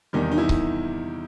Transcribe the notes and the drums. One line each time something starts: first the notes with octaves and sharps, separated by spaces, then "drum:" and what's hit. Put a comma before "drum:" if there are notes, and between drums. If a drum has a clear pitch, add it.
E2 C3 D#3 G3 D#4
D#4
E4
drum: kick C#1